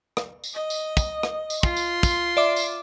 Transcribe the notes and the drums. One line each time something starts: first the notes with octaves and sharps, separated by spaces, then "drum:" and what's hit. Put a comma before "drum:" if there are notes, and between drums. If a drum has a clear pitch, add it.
drum: rim click
drum: tambourine
D#5
drum: tambourine
drum: kick, tambourine
drum: rim click
drum: tambourine
F4 C6, drum: kick
drum: tambourine
drum: kick, tambourine
D5 E5 D6
drum: tambourine